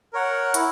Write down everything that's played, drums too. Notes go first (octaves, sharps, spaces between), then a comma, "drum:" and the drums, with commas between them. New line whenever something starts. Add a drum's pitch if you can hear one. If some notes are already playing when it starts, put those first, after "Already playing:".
A#4 C#5 F#5
E4, drum: hi-hat